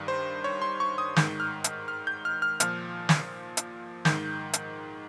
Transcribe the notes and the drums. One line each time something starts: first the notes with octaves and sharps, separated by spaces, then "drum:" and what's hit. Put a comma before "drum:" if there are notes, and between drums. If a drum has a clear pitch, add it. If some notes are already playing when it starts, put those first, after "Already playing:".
Already playing: G2 D#3
C5
C#5
C6
C#6
D#6
G#2 D#3 G6, drum: snare
F6
drum: hi-hat
F6
G6
F6
F6
A#2 F3 F6, drum: hi-hat
drum: snare
drum: hi-hat
G#2 D#3 G6, drum: snare
drum: hi-hat